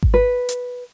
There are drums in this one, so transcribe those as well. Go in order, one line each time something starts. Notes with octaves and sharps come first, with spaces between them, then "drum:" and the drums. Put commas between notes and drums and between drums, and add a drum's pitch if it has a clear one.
drum: kick G#1
B4
drum: hi-hat